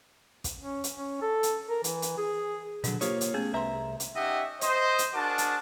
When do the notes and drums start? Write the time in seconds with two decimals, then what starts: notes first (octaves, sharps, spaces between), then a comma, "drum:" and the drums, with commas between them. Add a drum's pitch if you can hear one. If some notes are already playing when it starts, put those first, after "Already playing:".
0.44 drum: kick, hi-hat
0.60 C#4
0.84 drum: hi-hat
0.98 C#4
1.22 A4
1.43 drum: hi-hat
1.69 A#4
1.84 E3, drum: hi-hat
2.02 drum: hi-hat
2.18 G#4
2.84 B2 D3 F#3 D4, drum: hi-hat
3.01 A#3 F4 G4 C5 C#5, drum: hi-hat
3.21 drum: hi-hat
3.34 A3 B3 C#4 G#4
3.54 C2 B4 E5 A#5 C6
4.00 drum: hi-hat
4.15 C#4 D#4 G4 D#5 E5 F#5
4.61 C5 D#5, drum: hi-hat
4.99 drum: hi-hat
5.14 D4 F#4 G#4 A#4 A5 D6
5.38 drum: hi-hat